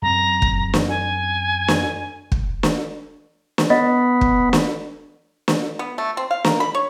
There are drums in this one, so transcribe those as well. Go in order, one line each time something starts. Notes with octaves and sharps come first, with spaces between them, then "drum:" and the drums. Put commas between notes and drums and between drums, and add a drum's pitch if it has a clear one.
F#2 C4 A#5
drum: kick
drum: snare
G#5
drum: snare
drum: kick
drum: snare
drum: snare
B3 D#5
drum: kick
drum: snare
drum: snare
B3
A3
C4
F5
A#4, drum: snare
B5
C#5